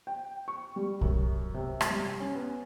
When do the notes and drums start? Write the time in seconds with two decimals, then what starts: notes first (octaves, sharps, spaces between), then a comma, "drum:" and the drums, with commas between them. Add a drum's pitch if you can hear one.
0.07 G5
0.48 C#6
0.76 G3
1.01 F#2, drum: kick
1.54 C3
1.81 drum: rim click
1.90 G3
2.20 C#4
2.35 B3